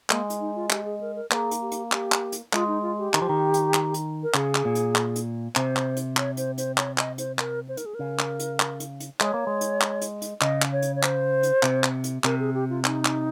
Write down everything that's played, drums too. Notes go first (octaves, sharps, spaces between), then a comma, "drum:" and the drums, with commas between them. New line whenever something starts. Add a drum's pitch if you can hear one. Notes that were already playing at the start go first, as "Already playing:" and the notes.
G#3 A#3, drum: clap
drum: hi-hat
D#4
F4
G4, drum: clap
G#4
A#4
A#4
A#3 G#4, drum: clap
drum: hi-hat
G4
drum: hi-hat
G4, drum: clap
drum: clap
drum: hi-hat
G#3 F4, drum: clap
D#4
F4
G4
D#3, drum: clap
F3
D#3
drum: hi-hat
drum: clap
drum: hi-hat
A#4
C#3 G#4, drum: clap
drum: clap
A#2
drum: hi-hat
drum: clap
drum: hi-hat
C3 C5, drum: clap
drum: clap
drum: hi-hat
C#5, drum: clap
C5, drum: hi-hat
C5, drum: hi-hat
C#5, drum: clap
D#5, drum: clap
C5, drum: hi-hat
A#4, drum: clap
C5
A#4, drum: hi-hat
G#4
C#3 A#4
drum: clap
drum: hi-hat
drum: clap
drum: hi-hat
drum: hi-hat
G#3 C#5, drum: clap
A#3
G#3
drum: hi-hat
drum: clap
drum: hi-hat
drum: hi-hat
C#3 D#5, drum: clap
drum: clap
C#5
drum: hi-hat
C#5
C5, drum: clap
drum: hi-hat
C3, drum: clap
drum: clap
drum: hi-hat
C3 A#4, drum: clap
G#4
G4
F4
D#4, drum: clap
drum: clap